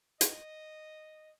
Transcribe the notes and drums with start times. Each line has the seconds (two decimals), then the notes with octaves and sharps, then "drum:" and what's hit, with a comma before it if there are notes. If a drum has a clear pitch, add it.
0.21 D#5, drum: hi-hat